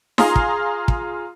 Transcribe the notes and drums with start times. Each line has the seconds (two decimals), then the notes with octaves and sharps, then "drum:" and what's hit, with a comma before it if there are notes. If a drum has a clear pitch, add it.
0.18 F4 G#4 F5 A#5 C6 D#6, drum: snare D#4
0.36 drum: kick
0.88 drum: kick